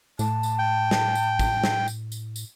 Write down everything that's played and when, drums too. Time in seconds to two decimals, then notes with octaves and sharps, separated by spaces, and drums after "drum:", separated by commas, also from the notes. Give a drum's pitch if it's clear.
0.19 A2 A5, drum: tambourine
0.43 drum: tambourine
0.59 G5
0.91 drum: snare
1.15 drum: tambourine
1.39 drum: kick, tambourine
1.64 drum: snare
1.88 drum: tambourine
2.12 drum: tambourine
2.36 drum: tambourine